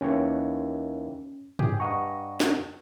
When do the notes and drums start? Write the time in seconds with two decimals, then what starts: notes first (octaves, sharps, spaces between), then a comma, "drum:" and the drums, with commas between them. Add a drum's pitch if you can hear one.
0.01 D#2 E3 C#4 C#5
1.59 G4 G#4, drum: tom G2
1.80 G2 D#5 F#5 A#5 C#6
2.40 drum: snare